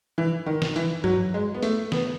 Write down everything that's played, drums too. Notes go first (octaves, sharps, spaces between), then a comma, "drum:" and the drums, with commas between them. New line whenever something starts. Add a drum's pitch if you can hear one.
E3
D#3
drum: snare
E3, drum: hi-hat
F#3, drum: tom G2
G#3
B3
A3, drum: hi-hat
B3, drum: snare